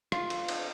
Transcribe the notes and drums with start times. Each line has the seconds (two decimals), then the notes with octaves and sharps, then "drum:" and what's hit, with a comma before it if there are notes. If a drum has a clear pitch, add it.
0.12 F4, drum: rim click
0.30 drum: cymbal
0.48 drum: cymbal